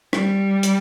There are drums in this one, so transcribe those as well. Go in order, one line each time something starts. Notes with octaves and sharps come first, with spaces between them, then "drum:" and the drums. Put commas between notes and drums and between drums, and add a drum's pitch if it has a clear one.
G3, drum: rim click
drum: hi-hat